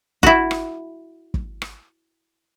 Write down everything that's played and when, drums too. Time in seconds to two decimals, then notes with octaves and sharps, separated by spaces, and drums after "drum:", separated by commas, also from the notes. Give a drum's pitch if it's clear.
0.23 E4 F#4, drum: kick
0.51 drum: rim click
1.34 drum: kick
1.62 drum: rim click